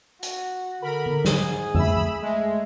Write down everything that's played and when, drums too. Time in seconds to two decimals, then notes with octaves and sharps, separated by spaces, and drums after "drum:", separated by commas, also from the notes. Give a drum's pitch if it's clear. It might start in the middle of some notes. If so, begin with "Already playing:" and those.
0.23 F#4, drum: hi-hat
0.82 D3 A#4 B5
1.06 drum: tom D3
1.25 G#2 G#4, drum: snare
1.75 A3 B5 E6, drum: tom F2
2.22 G#3 A3